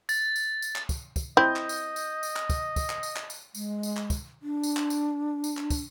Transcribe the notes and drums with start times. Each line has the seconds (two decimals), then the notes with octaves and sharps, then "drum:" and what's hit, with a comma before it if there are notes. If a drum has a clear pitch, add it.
0.09 A6, drum: tambourine
0.36 drum: tambourine
0.62 drum: tambourine
0.76 drum: clap
0.89 drum: kick, tambourine
1.16 drum: kick, tambourine
1.37 C4 E4 D#5 G6
1.56 drum: clap
1.69 drum: tambourine
1.96 drum: tambourine
2.23 drum: tambourine
2.36 drum: clap
2.50 drum: kick, tambourine
2.76 drum: kick, tambourine
2.90 drum: clap
3.03 drum: tambourine
3.16 drum: clap
3.30 drum: tambourine
3.55 G#3, drum: tambourine
3.83 drum: tambourine
3.97 drum: clap
4.10 drum: kick, tambourine
4.42 D4
4.63 drum: tambourine
4.77 drum: clap
4.90 drum: tambourine
5.44 drum: tambourine
5.57 drum: clap
5.70 drum: kick, tambourine